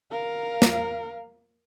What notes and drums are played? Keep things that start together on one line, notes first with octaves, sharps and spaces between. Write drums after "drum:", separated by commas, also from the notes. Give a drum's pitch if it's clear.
A#4 F5
drum: snare